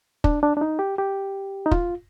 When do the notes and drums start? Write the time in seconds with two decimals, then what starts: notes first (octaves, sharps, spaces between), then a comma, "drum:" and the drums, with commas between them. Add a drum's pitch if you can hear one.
0.24 D4, drum: kick
0.43 D4
0.57 D4
0.61 D#4
0.79 G4
0.98 G4
1.66 D#4
1.71 F4, drum: kick